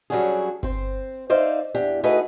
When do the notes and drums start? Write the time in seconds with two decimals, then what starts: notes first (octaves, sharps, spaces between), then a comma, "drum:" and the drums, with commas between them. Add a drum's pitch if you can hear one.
0.10 F#3 G3 C#4 D4 F#4 G#4
0.63 C4 C5, drum: kick G1
1.30 D#4 C5 D5 E5 F5
1.75 E2 D4 G4
2.04 A3 D#4 F#4 G#4 B4 D#5